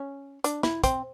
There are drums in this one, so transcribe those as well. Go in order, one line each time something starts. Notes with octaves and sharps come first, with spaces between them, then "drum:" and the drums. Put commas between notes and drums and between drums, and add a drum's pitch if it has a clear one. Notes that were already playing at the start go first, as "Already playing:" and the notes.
Already playing: C#4
D4, drum: hi-hat
E4, drum: snare
C4, drum: kick, hi-hat